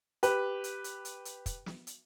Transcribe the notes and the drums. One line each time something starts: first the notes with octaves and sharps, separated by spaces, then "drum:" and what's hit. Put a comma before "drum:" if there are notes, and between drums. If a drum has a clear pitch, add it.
G4 B4, drum: hi-hat
drum: hi-hat
drum: hi-hat
drum: hi-hat
drum: hi-hat
drum: kick, hi-hat
drum: snare
drum: hi-hat